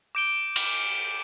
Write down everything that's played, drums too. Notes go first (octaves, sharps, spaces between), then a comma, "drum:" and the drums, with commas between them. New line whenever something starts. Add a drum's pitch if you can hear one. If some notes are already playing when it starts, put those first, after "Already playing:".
D6 G6 D7 G7
drum: cymbal